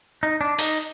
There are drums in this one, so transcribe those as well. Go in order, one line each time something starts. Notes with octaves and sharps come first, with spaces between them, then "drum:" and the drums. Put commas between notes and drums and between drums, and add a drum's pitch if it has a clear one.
D#4
D4
D#4, drum: open hi-hat